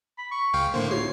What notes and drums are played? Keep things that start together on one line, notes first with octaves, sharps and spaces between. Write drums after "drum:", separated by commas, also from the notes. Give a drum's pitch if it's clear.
B5
C#6
C#2 F5 G5
A2 D3 A#3 C5
C#5 C7, drum: tom